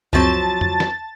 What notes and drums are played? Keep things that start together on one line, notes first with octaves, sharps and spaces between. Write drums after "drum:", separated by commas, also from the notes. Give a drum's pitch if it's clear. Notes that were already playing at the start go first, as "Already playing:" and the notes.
C#2 F#2 F3 F#3 C4 A5 A6
drum: tom F2
drum: snare